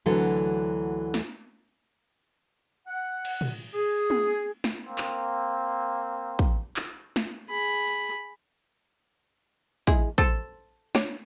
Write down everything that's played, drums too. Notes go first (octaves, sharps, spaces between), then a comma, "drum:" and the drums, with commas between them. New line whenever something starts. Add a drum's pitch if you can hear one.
D2 D3 E3 F#3 A4
drum: snare
F#5
drum: cymbal
drum: tom
G#4
drum: tom
drum: snare
A#3 C4
drum: clap
drum: kick
drum: clap
drum: snare
G#4 B5
drum: hi-hat
G#3 E4 G#4, drum: kick
A4 C5, drum: kick
D4 C#5, drum: snare